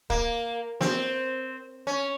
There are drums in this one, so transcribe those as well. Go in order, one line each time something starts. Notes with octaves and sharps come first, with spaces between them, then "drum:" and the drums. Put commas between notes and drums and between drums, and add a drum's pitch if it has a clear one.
A#3, drum: kick
C4, drum: snare
C#4